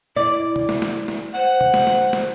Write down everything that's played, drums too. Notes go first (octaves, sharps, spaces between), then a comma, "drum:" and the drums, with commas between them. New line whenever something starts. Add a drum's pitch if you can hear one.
E4 D5
drum: tom
drum: snare
drum: snare
drum: snare
C5 F#5
drum: tom
drum: snare
drum: snare
drum: snare